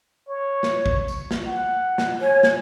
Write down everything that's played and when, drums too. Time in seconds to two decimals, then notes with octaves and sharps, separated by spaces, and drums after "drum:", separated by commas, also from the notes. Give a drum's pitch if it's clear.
0.28 C#5
0.63 drum: snare
0.86 drum: kick A1
1.08 drum: tambourine
1.31 drum: snare
1.46 F#5
1.98 drum: snare
2.21 C#5 G#5
2.43 drum: snare